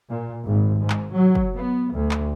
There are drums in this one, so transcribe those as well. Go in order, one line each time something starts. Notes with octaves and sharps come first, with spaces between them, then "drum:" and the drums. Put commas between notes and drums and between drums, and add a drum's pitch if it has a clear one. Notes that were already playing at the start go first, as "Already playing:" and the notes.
A#2
G#1
G#2
drum: clap
F#3
drum: kick
B3
D2
drum: clap